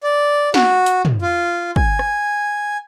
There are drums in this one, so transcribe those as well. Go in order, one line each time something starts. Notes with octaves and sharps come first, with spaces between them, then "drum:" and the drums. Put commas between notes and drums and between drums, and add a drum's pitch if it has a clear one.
D5
F#4, drum: snare
drum: hi-hat
drum: tom
F4
G#5, drum: kick
drum: rim click